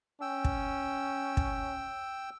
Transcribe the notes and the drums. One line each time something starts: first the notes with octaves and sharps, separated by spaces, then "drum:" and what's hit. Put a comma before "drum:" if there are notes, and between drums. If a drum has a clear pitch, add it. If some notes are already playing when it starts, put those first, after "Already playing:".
C#4 G5 E6
drum: kick
drum: kick